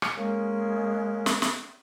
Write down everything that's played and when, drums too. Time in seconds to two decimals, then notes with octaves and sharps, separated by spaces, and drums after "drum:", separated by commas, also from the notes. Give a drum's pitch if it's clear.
0.02 drum: rim click
0.16 G#3 A#3 C#4
1.26 drum: snare
1.42 drum: snare